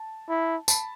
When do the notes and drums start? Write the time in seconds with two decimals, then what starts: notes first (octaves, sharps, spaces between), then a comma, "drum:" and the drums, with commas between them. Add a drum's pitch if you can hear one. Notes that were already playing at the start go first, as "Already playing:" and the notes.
Already playing: A5
0.29 E4
0.68 A5 B5, drum: tambourine